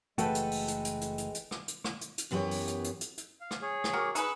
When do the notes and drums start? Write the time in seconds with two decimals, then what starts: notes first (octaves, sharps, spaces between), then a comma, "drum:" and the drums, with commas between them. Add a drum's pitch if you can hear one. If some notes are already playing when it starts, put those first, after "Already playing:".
0.18 F#1 E3 G#3 A3 F#4 A4 B4 G5, drum: hi-hat
0.35 drum: hi-hat
0.51 drum: open hi-hat
0.68 drum: hi-hat
0.85 drum: hi-hat
1.01 drum: hi-hat
1.18 drum: hi-hat
1.35 drum: hi-hat
1.51 drum: rim click
1.68 drum: hi-hat
1.84 drum: rim click
2.01 drum: hi-hat
2.18 drum: hi-hat
2.31 F#2 E3 B3 F4 G4 C#5
2.51 drum: open hi-hat
2.68 drum: hi-hat
2.84 drum: hi-hat
3.01 drum: hi-hat
3.17 drum: hi-hat
3.41 F5
3.51 drum: rim click
3.62 G#4 C#5
3.84 drum: rim click
3.93 F#4 G4 A#4
4.15 D#4 G#4 B4 C#6 E6 F#6, drum: hi-hat